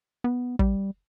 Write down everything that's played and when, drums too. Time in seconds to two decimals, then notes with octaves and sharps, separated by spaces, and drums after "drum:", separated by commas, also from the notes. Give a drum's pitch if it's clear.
0.24 B3
0.59 G3, drum: kick